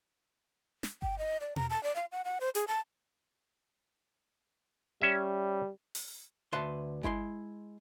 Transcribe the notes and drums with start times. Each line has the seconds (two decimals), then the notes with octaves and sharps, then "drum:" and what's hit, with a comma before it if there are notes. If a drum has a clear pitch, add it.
0.83 drum: snare
1.02 G5, drum: kick G1
1.19 D#5
1.41 D5
1.56 A#5, drum: tom B2
1.70 A5
1.84 D5
1.96 F5
2.12 F#5
2.25 F#5
2.41 C5
2.55 G#4, drum: hi-hat
2.68 A5
5.02 G3 C#4 E5
5.95 drum: open hi-hat
6.53 D2 B4 E5 A5 C6
7.03 G#3 E4 B5 C6, drum: kick G1